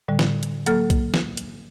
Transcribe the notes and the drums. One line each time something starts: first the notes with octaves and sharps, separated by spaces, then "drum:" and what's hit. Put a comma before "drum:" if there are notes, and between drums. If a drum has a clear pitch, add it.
A2 D3 G3
drum: snare
drum: hi-hat
F#3 A#3 A4 F6, drum: hi-hat
drum: kick B1, hi-hat
drum: snare
drum: hi-hat